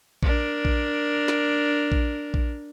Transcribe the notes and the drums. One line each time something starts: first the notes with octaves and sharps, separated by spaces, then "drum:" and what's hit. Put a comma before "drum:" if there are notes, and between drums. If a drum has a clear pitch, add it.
D4 A#4, drum: kick A#1
drum: kick A#1
drum: snare
drum: kick A#1
drum: kick A#1